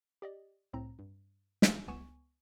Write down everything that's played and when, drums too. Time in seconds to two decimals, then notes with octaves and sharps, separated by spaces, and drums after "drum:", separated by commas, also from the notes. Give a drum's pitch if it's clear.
0.22 G4 D5 D#5
0.73 C2 A2 C4 A#5
0.99 G2
1.62 drum: snare
1.88 C#2 B3 G#5 C#6 E7